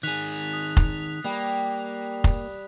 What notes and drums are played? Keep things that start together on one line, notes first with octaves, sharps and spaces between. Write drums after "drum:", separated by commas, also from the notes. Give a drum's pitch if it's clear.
D#3 G#4 F#6 B6 F7
D#6
drum: kick F1
G3 A#3 G5
drum: kick F1